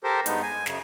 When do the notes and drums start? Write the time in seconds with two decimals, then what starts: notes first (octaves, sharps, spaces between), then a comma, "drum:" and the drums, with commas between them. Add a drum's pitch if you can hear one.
0.04 G4 A4 A#4 C5
0.26 G2 G#3 B3 D#4, drum: hi-hat
0.43 G#5
0.66 F#2 C#3, drum: snare